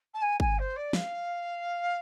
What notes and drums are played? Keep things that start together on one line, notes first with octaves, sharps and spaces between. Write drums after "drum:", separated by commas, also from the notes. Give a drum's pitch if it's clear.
A5
G#5
G#5, drum: kick
C5
D5
F5, drum: snare